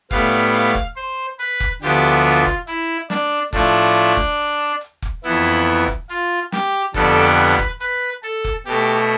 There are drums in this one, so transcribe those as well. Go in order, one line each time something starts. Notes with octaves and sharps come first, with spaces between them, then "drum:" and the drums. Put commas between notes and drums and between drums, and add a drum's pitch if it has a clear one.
A2 G3 B3 F5, drum: kick F1, hi-hat
F5, drum: hi-hat
drum: kick F1
C5
B4, drum: hi-hat
drum: kick F1
D2 D3 F3 B3 G4, drum: hi-hat
F4
drum: kick F1
E4, drum: hi-hat
D4, drum: snare
A2 F3 A3 D4, drum: kick F1, hi-hat
drum: hi-hat
drum: kick F1
drum: hi-hat
drum: hi-hat
drum: kick F1
F2 E3 B3 E4, drum: hi-hat
drum: kick F1
F4, drum: hi-hat
G4, drum: snare
F2 D3 G3 B3 A4, drum: kick F1, hi-hat
B4, drum: hi-hat
drum: kick F1
B4, drum: hi-hat
A4, drum: hi-hat
drum: kick F1
B2 A3 G4, drum: hi-hat